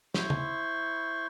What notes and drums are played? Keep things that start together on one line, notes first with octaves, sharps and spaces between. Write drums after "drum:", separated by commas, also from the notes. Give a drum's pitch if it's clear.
E4 C5 C6 C#6, drum: snare
drum: tom C#3